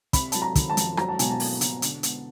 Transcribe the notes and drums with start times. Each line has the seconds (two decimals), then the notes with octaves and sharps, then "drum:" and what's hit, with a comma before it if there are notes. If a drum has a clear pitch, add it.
0.13 C3 B5, drum: kick, hi-hat
0.32 F#3 A5, drum: hi-hat
0.42 A#5
0.55 D#3, drum: kick, hi-hat
0.70 A5
0.77 F2, drum: hi-hat
0.97 F#3 A#5, drum: rim click
1.09 A5
1.19 B2 G#5, drum: hi-hat
1.30 A5
1.40 A#3, drum: open hi-hat
1.61 B2, drum: hi-hat
1.82 D3, drum: hi-hat
2.03 B3, drum: hi-hat